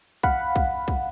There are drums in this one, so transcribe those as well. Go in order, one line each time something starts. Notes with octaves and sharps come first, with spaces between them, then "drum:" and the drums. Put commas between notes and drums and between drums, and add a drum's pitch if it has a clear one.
F5 F#5 B5, drum: kick B1
drum: kick B1
drum: kick B1